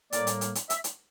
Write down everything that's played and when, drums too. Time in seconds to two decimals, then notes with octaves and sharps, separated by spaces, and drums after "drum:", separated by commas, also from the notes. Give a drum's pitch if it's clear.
0.13 A2 G3 A#3 D5, drum: hi-hat
0.27 drum: hi-hat
0.41 drum: hi-hat
0.55 drum: hi-hat
0.70 E5, drum: hi-hat
0.84 drum: hi-hat